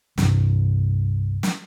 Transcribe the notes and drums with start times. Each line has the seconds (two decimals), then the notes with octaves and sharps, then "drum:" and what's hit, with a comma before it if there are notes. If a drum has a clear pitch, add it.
0.18 C2 G2 C3, drum: snare
1.43 drum: snare